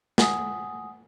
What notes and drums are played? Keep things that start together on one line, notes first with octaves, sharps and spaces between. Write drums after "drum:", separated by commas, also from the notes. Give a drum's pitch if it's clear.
F#5 G#5 D#6, drum: snare